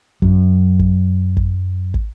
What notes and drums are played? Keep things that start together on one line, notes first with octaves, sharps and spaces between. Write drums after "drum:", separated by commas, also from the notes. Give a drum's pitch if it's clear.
F#2 F#3, drum: kick
drum: kick
drum: kick
drum: kick